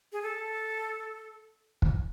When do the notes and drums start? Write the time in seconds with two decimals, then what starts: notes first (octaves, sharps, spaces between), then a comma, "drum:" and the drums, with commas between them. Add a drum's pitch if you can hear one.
0.12 G#4
0.22 A4
1.82 drum: kick